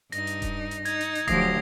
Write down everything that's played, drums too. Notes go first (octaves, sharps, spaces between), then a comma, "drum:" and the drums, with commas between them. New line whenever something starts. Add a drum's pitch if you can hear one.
G2 D#4 A#6, drum: hi-hat
drum: hi-hat
drum: kick D#1, hi-hat
drum: hi-hat
D#4 G#6, drum: hi-hat
drum: hi-hat
drum: hi-hat
D2 F3 F#3 G4 D#6 A#6 C7, drum: kick D#1, hi-hat